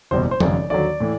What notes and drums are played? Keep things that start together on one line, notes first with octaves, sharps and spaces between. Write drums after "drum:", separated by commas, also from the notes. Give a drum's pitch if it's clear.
F#1 E2 B2 G3 C5
C5
G#1 F#2 C#3 D5, drum: tom F3
D#2 D3 F#3 D5
A2 E3